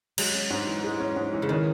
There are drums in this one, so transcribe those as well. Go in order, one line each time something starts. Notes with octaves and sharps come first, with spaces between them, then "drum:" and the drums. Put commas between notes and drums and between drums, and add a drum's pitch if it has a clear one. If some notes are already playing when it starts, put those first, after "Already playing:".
F#3 G#3, drum: cymbal
C#4
G#2
E3
G#3
C#4
G#2
E3
C#3
D#3 C#4